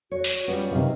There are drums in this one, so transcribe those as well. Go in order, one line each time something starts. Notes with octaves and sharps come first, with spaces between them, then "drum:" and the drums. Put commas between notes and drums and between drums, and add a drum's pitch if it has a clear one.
F#4 C#5
drum: open hi-hat
G3 B3 C#4 F4
F#2 C3 D#3 F5